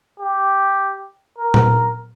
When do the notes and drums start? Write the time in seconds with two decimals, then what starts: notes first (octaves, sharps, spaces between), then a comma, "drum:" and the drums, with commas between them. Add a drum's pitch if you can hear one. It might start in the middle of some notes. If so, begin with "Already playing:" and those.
0.20 G4
1.38 A#4
1.54 drum: tom A#2